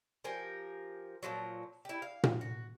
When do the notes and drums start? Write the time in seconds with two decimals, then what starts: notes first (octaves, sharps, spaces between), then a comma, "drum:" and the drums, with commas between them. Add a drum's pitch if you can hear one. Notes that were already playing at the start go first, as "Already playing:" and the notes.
0.24 F3 G4 A#4 G#5
1.23 A#2 C#3 F3 F#3
1.85 E4 G4
2.02 F5
2.24 drum: tom A#2
2.41 F#4